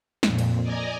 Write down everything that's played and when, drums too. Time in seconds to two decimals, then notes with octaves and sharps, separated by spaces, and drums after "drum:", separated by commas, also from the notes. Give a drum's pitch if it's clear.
0.23 F2 A#2, drum: snare
0.39 drum: cymbal
0.62 D5 D#5 G#5 A#5